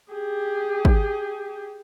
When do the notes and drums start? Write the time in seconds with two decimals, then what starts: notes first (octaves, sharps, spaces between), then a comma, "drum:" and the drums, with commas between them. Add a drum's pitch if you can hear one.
0.12 G4 G#4
0.85 drum: kick